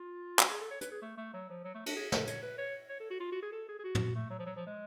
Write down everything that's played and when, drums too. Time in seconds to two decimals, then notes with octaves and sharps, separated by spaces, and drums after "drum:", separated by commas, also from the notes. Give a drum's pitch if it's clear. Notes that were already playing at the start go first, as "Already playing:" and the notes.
Already playing: F4
0.39 F#4, drum: clap
0.50 G#4
0.61 A4
0.71 C#5
0.81 B4, drum: hi-hat
0.92 G#4
1.02 A3
1.17 A3
1.33 F#3
1.50 F3
1.64 F#3
1.75 A3
1.86 D4, drum: cymbal
1.97 G#4
2.12 A4, drum: snare
2.27 C#5, drum: hi-hat
2.43 B4
2.58 C#5
2.89 C#5
3.00 A4
3.10 F#4
3.20 F4
3.32 F#4
3.42 G#4
3.52 A4
3.68 G#4
3.79 G#4
3.84 F#4
3.95 drum: tom
4.15 A3
4.30 F#3
4.39 F3
4.46 F#3
4.56 F3
4.67 G#3